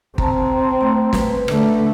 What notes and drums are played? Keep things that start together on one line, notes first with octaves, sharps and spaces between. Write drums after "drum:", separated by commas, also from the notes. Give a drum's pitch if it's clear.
C4 A5 A#5, drum: kick G1
A3 A#5
B4, drum: snare
D3 A3, drum: rim click